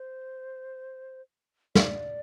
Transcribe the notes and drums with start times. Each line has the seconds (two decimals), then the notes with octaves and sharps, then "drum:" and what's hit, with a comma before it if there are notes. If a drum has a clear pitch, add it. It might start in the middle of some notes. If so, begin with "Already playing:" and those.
Already playing: C5
1.75 D5, drum: snare